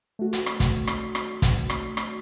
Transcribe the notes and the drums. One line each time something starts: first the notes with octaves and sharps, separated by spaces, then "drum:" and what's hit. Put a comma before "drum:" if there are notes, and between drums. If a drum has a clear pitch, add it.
A3 F#4
drum: hi-hat
drum: rim click
drum: kick, hi-hat
drum: rim click
drum: rim click
drum: kick, hi-hat
drum: rim click
drum: rim click